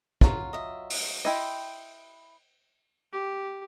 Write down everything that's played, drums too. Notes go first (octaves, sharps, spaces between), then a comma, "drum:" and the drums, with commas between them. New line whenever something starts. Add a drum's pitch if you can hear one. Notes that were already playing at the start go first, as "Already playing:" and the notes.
F#3 F4, drum: kick
D#5 E5
drum: open hi-hat
E4 D#5 G5 C6
G4